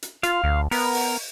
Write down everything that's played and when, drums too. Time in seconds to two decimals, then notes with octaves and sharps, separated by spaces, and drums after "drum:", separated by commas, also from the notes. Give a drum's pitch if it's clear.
0.03 drum: hi-hat
0.23 F4 F5, drum: hi-hat
0.44 D2
0.71 B3 A#4, drum: open hi-hat
0.94 drum: open hi-hat